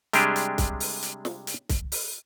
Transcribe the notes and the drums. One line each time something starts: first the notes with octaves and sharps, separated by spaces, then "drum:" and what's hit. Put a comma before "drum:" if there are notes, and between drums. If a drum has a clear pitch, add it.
C3 G3 G#3 D4 G4 G#4, drum: hi-hat
drum: hi-hat
drum: kick C2, hi-hat
drum: open hi-hat
drum: hi-hat
drum: snare
drum: hi-hat
drum: kick C2, hi-hat
drum: open hi-hat